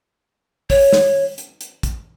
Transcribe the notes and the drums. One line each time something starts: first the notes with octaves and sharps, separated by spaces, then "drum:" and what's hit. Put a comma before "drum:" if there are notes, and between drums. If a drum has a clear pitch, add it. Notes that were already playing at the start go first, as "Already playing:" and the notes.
C#5, drum: kick, open hi-hat
drum: snare
drum: hi-hat
drum: hi-hat
drum: kick, hi-hat